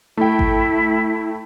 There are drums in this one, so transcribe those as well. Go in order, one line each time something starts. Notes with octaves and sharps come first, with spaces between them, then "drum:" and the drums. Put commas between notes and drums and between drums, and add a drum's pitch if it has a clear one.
A3 E4 G5
drum: kick G#1